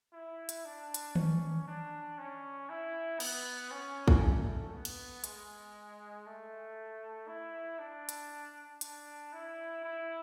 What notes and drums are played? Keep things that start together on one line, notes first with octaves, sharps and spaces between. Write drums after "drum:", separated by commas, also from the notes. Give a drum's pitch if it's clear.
E4
drum: hi-hat
D4
drum: hi-hat
C#4, drum: tom D#3
D4
C#4
E4
B3, drum: cymbal
C#4
drum: kick
A3
B3
drum: cymbal
G#3, drum: hi-hat
A3
E4
D4
drum: hi-hat
D4, drum: hi-hat
E4
E4